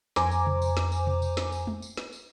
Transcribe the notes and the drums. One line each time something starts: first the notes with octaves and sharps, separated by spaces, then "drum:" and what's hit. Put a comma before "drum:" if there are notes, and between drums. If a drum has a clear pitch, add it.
F2 C5 G#5 A#5 D6, drum: snare
drum: tambourine
drum: tom C3
drum: tambourine
drum: snare
drum: tambourine
drum: tom B2
drum: tambourine
drum: snare
drum: tambourine
drum: tom
drum: tambourine
drum: snare
drum: tambourine